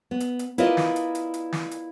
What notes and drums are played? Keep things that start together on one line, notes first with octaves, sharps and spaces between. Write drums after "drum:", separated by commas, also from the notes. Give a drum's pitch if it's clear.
B3
drum: hi-hat
drum: hi-hat
E4 F4 A#4 B4 D5 D#5, drum: hi-hat
drum: snare
drum: hi-hat
drum: hi-hat
drum: hi-hat
drum: snare
drum: hi-hat